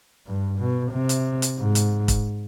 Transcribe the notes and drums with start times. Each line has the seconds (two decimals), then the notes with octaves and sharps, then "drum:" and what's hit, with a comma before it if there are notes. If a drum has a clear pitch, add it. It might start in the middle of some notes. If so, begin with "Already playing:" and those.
0.27 G2
0.60 B2
0.93 C3
1.09 drum: hi-hat
1.42 drum: hi-hat
1.59 G#2
1.75 drum: hi-hat
2.08 drum: kick, hi-hat